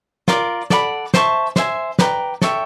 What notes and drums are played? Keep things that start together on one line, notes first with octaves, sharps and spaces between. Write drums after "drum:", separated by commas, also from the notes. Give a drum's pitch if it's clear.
F4 A#4 D5, drum: snare
A4 D5 F#5 B5, drum: snare
C5 E5 A5 C#6, drum: snare
C5 E5 G#5, drum: snare
B4 D5 G5 A#5, drum: snare
A4 C#5 E5 G5, drum: snare